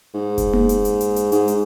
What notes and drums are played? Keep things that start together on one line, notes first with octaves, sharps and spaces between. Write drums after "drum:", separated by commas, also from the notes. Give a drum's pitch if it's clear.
G#2
drum: kick F1, hi-hat
drum: tom A#3
drum: hi-hat
drum: hi-hat
drum: hi-hat
drum: hi-hat
G#2, drum: hi-hat
drum: hi-hat